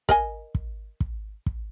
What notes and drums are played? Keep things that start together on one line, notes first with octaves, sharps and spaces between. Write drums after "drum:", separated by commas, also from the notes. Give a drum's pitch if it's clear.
A#4 D#5 G#5, drum: kick
drum: kick
drum: kick
drum: kick